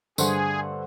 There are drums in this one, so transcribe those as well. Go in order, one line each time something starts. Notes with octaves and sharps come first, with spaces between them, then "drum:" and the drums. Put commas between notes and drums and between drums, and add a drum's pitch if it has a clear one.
G2 D3 A3 G#4 C5 F#5, drum: tambourine